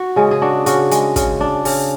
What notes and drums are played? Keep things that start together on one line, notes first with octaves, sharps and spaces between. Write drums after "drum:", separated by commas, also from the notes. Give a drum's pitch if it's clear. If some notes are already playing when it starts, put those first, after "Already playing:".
Already playing: F#4
C#3 G#3 G#4
G#4
D4 F#4
C#3 F#4, drum: hi-hat
G#3, drum: hi-hat
C#3, drum: kick, hi-hat
D4
C#3, drum: open hi-hat